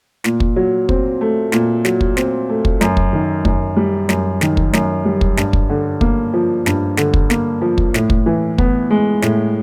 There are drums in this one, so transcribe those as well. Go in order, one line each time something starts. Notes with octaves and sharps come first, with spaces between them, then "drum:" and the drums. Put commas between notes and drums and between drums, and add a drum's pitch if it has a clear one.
A#2, drum: snare
drum: kick
F#3
C4, drum: kick
A3
A#2, drum: snare
F#3, drum: snare
drum: kick
C4, drum: snare
A3
drum: kick
F#2, drum: snare
drum: kick
D#3
F#2, drum: kick
G3
F#2, drum: snare
D#3, drum: snare
drum: kick
F#2, drum: snare
G3
drum: kick
G2, drum: snare
drum: kick
D3
A#3, drum: kick
F3
G2, drum: snare
D3, drum: snare
drum: kick
A#3, drum: snare
F3
drum: kick
A2, drum: snare
drum: kick
E3
B3, drum: kick
G#3
A2, drum: snare